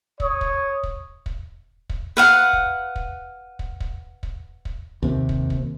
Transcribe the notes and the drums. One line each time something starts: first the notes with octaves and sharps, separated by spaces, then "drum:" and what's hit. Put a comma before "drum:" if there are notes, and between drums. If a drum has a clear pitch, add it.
C#5 D#6, drum: kick
drum: kick
drum: kick
drum: kick
drum: kick
B4 F5 F#5
drum: kick
drum: kick
drum: kick
drum: kick
drum: kick
drum: kick
D#2 C3
drum: kick
drum: kick